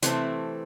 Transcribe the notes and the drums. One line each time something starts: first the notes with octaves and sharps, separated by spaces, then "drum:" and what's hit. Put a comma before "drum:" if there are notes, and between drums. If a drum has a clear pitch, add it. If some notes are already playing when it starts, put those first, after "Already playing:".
C3 E3 A3 C4, drum: hi-hat